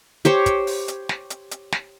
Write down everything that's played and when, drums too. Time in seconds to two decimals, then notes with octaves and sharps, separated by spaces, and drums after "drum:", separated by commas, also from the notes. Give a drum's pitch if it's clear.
0.25 G4 C5 C#5, drum: hi-hat
0.46 drum: kick, hi-hat
0.67 drum: open hi-hat
0.88 drum: hi-hat
1.09 drum: snare
1.30 drum: hi-hat
1.51 drum: hi-hat
1.72 drum: snare